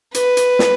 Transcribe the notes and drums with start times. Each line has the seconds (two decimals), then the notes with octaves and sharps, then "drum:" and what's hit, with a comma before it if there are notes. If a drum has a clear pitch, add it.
0.14 B4, drum: hi-hat
0.37 drum: hi-hat
0.59 drum: snare